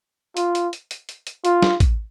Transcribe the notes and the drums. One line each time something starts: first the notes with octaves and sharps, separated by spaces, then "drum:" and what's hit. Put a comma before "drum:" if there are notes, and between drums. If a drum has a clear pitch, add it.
F4, drum: hi-hat
drum: hi-hat
drum: hi-hat
drum: hi-hat
drum: hi-hat
drum: hi-hat
F4, drum: hi-hat
drum: snare
drum: kick, hi-hat